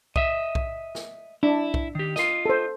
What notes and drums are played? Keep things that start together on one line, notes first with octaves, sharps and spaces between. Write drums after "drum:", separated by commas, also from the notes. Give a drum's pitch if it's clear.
D#5 E5, drum: kick B1
drum: kick B1
drum: snare
D4 E4
drum: kick B1
D#3 G4
F4 D#5, drum: snare
A4 C5